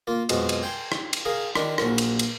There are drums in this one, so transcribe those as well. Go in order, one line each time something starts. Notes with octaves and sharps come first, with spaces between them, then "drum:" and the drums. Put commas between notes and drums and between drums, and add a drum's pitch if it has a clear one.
A#3 F4
F2 B2 F#3 G#3, drum: cymbal
drum: cymbal
G5 G#5 C6
drum: rim click
drum: cymbal
G#4 A#4 F5
D#3 D4 A#4, drum: rim click
A#1 F#3 A#4, drum: rim click
drum: cymbal
drum: cymbal